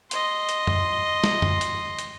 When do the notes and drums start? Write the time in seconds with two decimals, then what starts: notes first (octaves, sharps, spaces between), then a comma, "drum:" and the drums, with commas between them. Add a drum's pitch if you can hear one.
0.11 D#5 C6, drum: hi-hat
0.49 drum: hi-hat
0.67 drum: tom F#2
1.24 drum: snare
1.42 drum: tom F#2
1.61 drum: hi-hat
1.99 drum: hi-hat